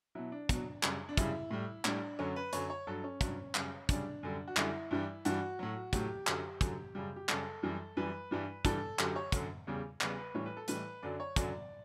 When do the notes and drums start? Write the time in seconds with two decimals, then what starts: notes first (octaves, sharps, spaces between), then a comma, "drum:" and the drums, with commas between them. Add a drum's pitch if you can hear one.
0.15 B2 F#3 E4
0.32 D4
0.49 B2 F#3, drum: kick, hi-hat
0.83 F#2 C#3 G3, drum: clap
1.09 D4
1.17 F#2 C#3 G3 E4, drum: kick, hi-hat
1.51 A2 G3
1.85 A2 G3 D4, drum: clap
2.19 F#2 D3 F#3 C#4
2.36 B4
2.53 F#2 D3 F#3 C#5, drum: hi-hat
2.70 C#5
2.87 G2 F#3 A4
3.04 C#4
3.21 G2 F#3, drum: kick, hi-hat
3.55 F#2 C#3 G3, drum: clap
3.89 F#2 C#3 G3 D4, drum: kick, hi-hat
4.23 F#2 D3 G3
4.47 F#4
4.57 F#2 D3 G3 E4, drum: clap
4.91 G2 E3 G3
5.25 G2 E3 G3 F#4, drum: hi-hat
5.59 A2 F#3
5.93 A2 F#3 G4, drum: kick, hi-hat
6.27 F#2 D3 F#3, drum: clap
6.61 F#2 D3 F#3, drum: kick, hi-hat
6.95 F#2 C#3 G3
7.16 G4
7.29 F#2 C#3 G3 A4, drum: clap
7.63 F#2 E3 G3
7.97 F#2 E3 G3 B4
8.31 G2 E3 G3
8.65 G2 E3 G3 A4, drum: kick, hi-hat
8.99 F#2 D3 F#3 G4, drum: clap
9.16 C#5
9.32 F#2 D3 F#3, drum: kick, hi-hat
9.67 E2 C#3 G3
10.01 E2 C#3 G3 B4, drum: clap
10.18 B4
10.34 A2 E3 G3 C#5
10.46 B4
10.57 A4
10.68 A2 E3 G3 B4, drum: hi-hat
11.03 F#2 D3 F#3 D5
11.20 C#5
11.36 F#2 D3 F#3 D5, drum: kick, hi-hat